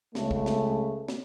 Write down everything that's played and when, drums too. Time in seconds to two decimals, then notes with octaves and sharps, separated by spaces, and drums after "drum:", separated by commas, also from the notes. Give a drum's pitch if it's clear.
0.15 C#2 C#3 A3, drum: snare
0.31 drum: kick
0.46 drum: snare
1.08 drum: snare